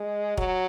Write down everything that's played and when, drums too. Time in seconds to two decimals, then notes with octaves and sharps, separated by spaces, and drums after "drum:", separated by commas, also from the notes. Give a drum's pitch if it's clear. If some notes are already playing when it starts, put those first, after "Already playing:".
Already playing: G#3
0.37 F#3, drum: kick E1